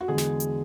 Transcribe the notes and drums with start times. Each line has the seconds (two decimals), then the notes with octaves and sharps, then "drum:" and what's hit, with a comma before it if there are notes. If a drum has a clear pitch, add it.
0.01 F#4
0.08 E2 D3 G#3 G#4
0.18 drum: snare
0.40 drum: hi-hat